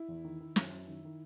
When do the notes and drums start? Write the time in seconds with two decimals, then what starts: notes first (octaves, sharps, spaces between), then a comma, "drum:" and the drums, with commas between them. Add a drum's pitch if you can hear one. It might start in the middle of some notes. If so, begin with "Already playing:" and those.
Already playing: E4
0.08 E2
0.24 D#3
0.40 D#3
0.56 F#2, drum: snare
0.72 F#2
0.88 D#3
1.05 D#3